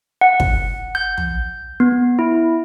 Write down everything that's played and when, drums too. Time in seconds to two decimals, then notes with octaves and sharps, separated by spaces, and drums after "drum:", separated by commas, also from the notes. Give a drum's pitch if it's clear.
0.21 F#5
0.40 drum: kick
0.95 G6
1.18 drum: tom
1.80 B3
2.19 E4